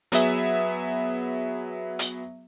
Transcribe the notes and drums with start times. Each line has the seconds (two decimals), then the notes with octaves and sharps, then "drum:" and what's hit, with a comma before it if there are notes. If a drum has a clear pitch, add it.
0.12 F#3 B3 G#4 E5, drum: hi-hat
1.99 drum: hi-hat